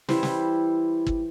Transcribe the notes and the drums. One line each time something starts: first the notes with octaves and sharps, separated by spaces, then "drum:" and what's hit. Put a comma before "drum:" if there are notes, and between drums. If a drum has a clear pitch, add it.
E3 G3 E4 C5, drum: snare
drum: snare
drum: kick